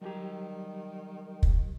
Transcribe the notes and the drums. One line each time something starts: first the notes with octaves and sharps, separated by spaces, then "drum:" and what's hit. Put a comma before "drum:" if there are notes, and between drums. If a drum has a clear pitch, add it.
D#3 F#3 G3 G4 G#5 A#5
drum: kick